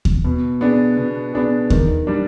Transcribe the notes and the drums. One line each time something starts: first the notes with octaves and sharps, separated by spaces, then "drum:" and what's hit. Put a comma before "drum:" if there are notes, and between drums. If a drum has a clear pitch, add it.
drum: kick D#2
B2
B3 D4 G#4
B2
B3 D4 G#4
D#3, drum: kick D#2
G3 D4